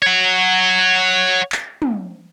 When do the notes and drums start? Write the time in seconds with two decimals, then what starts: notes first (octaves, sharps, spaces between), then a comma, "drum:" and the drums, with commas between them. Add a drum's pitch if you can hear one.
0.02 C#5 F#5
1.52 drum: clap
1.82 drum: tom